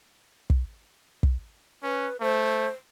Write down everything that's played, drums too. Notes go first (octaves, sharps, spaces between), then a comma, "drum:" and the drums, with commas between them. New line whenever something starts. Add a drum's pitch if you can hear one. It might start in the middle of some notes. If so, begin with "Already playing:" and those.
drum: kick
drum: kick
C#4 B4
A3 C5